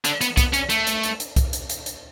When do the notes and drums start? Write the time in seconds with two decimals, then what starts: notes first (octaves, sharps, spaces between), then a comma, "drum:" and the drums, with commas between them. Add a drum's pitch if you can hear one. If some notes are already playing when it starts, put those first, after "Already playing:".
0.05 D3, drum: hi-hat
0.21 B3, drum: hi-hat
0.37 B3, drum: kick C2, hi-hat
0.53 C#4, drum: hi-hat
0.70 A3, drum: hi-hat
0.87 drum: hi-hat
1.03 drum: hi-hat
1.20 drum: hi-hat
1.36 drum: kick C2, hi-hat
1.53 drum: hi-hat
1.70 drum: hi-hat
1.86 drum: hi-hat